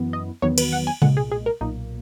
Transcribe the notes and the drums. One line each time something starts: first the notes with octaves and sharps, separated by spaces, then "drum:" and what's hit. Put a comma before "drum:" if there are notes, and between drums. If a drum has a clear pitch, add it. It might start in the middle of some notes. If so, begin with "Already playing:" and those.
Already playing: F#2 E3 B3
D#5
E2 D#3 F#3 B3 C#5
B4, drum: cymbal
F#5
G#5
B1 A#2 G#3 F#5, drum: tom C3
G#4
G#4
A#4
B1 A#2 A#3 D#4